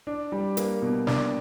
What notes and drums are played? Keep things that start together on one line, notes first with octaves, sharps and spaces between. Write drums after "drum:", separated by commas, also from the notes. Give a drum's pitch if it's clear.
D4
G3
A#3, drum: hi-hat
B2
D4, drum: snare